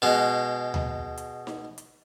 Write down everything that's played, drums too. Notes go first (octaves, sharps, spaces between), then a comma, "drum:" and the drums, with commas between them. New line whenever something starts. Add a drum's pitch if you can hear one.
B2 G#3
drum: tom D2
drum: hi-hat
drum: snare D#4
drum: hi-hat